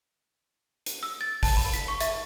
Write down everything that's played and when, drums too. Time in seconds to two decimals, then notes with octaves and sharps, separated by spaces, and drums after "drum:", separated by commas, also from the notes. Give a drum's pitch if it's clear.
0.86 drum: hi-hat
1.03 E6
1.21 A6
1.43 A5, drum: kick, open hi-hat
1.57 B5
1.74 B6, drum: hi-hat
1.88 C#6
2.00 E5, drum: hi-hat